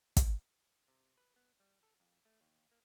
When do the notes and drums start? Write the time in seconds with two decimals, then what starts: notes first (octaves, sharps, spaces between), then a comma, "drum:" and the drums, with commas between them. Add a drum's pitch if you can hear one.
0.17 drum: kick, hi-hat
0.88 C3
1.18 B4
1.36 B3
1.60 G3
1.83 A4
2.00 F2
2.25 A3
2.41 D#2
2.71 A#3